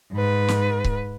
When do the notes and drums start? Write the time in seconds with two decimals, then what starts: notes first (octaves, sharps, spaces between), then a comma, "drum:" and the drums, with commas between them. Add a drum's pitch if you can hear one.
0.12 G#2 B4
0.48 drum: snare
0.84 drum: kick C#1